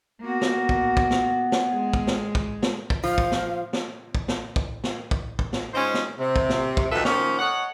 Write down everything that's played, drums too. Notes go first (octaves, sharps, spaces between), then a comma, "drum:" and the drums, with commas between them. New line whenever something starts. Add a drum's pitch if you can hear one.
A#3 B3 F#4
drum: snare
drum: kick
drum: kick
drum: snare
drum: snare
G#3 G#4
drum: kick
drum: snare
drum: kick
drum: snare
drum: kick
F3 F5
drum: kick
drum: snare
drum: snare
drum: kick
drum: snare
drum: kick
drum: snare
drum: kick
drum: kick
drum: snare
G#3 C#4 D#4 F4 C5
drum: snare
C3
drum: kick
drum: snare
drum: kick
D2 D#3 F3 A4 B4 E5
D#3 F3 A#3 C#4, drum: snare
A4 C#5 D#5 F#5